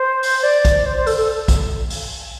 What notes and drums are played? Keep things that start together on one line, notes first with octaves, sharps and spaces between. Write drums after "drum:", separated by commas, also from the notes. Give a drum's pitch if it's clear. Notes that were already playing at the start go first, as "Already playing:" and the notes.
Already playing: C5
drum: open hi-hat
D5
drum: kick A#1, hi-hat
C5
C5
A4, drum: open hi-hat
A4
drum: kick A#1, hi-hat
drum: open hi-hat